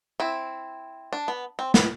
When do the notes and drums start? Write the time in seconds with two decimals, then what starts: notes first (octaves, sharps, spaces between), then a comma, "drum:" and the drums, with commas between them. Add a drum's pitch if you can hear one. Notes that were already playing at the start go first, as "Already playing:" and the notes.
0.20 C4 E4
1.13 D4
1.28 B3
1.59 C4
1.74 B3, drum: snare